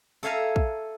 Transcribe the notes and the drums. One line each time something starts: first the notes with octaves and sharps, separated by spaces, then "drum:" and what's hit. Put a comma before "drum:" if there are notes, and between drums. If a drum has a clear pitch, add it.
A4 C#5 E5 F5 G#5 A#5
drum: kick